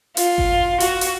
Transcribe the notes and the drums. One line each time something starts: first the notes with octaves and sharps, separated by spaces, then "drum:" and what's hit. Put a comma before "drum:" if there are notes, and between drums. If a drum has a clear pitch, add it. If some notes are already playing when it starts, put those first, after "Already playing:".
F4, drum: hi-hat
drum: kick G1
F#4, drum: hi-hat
drum: hi-hat